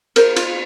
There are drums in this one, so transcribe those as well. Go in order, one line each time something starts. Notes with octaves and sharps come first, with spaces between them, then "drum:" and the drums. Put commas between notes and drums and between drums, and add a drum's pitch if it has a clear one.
A#4 C5, drum: cymbal
F4, drum: cymbal